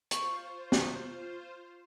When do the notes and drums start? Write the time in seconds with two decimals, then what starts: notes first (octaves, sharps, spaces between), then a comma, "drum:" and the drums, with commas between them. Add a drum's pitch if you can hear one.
0.11 F4 C5 C#6, drum: hi-hat
0.72 drum: snare